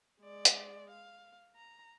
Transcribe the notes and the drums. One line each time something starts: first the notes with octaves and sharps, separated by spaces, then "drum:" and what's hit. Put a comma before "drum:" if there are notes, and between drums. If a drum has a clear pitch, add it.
G#3 D5
drum: hi-hat
F5
A#5